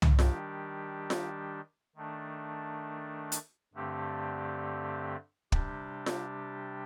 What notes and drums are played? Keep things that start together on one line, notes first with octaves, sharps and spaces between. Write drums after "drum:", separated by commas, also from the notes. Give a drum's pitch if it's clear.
drum: tom
D#3 G3 D4 G4, drum: snare F4
drum: snare F4
D#3 A3 D4
drum: hi-hat
G2 D3 A3 C4 G4
C3 G3 D4 G4, drum: kick
drum: snare F4